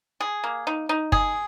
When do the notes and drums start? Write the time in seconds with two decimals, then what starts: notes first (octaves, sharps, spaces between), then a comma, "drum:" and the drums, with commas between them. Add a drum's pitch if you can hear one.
0.20 G#4
0.44 A#3
0.67 D#4
0.89 D#4
1.12 G#4, drum: kick